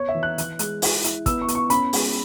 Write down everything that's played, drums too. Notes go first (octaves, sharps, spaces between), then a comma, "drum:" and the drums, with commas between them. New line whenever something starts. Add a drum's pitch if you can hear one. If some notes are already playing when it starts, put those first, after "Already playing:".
Already playing: B3 C#5
E5
E3
F#6
E3, drum: hi-hat
G#3, drum: hi-hat
E4, drum: open hi-hat
E4, drum: hi-hat
B3 E6, drum: kick, hi-hat
C#6
B3, drum: hi-hat
C#6
C#4 B5, drum: hi-hat
G#3, drum: open hi-hat